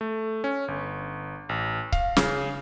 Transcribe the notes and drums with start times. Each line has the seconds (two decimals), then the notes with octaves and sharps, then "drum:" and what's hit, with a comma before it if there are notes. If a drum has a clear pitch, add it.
0.01 A3
0.44 C#4
0.68 G1
1.49 A1
1.92 F5, drum: kick C#1
2.17 C#3, drum: snare